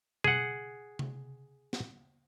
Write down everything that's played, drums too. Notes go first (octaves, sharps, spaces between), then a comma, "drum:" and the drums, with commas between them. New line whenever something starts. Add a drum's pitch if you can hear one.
G#4 F#5, drum: tom B2
drum: tom C3
drum: snare